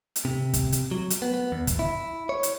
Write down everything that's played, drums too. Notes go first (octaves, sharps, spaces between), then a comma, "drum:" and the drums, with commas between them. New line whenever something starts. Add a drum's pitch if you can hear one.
drum: hi-hat
C3
drum: kick, hi-hat
drum: hi-hat
F#3
drum: hi-hat
B3
B3
E2
drum: kick, hi-hat
E4
C#5
drum: hi-hat